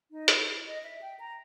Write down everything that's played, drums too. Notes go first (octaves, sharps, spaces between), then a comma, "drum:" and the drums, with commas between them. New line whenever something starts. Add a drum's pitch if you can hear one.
D#4
drum: hi-hat
E4
D#5
E5
G5
A#5